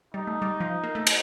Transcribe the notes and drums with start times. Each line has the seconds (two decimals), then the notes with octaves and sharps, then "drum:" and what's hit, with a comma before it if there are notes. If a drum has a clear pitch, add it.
0.14 G3 D#4
0.27 A3
0.42 G3
0.60 F3
0.84 A#3
0.95 A3
1.07 drum: cymbal